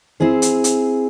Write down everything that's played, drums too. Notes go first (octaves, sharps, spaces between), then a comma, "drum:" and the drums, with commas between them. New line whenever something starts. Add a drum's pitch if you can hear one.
C4 E4 G#4 C5
drum: hi-hat
drum: hi-hat